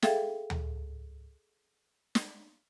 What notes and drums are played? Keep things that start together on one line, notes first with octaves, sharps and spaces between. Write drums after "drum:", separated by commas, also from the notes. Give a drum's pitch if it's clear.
G#4 A4 E5 F5 G5, drum: snare
drum: tom D2
drum: snare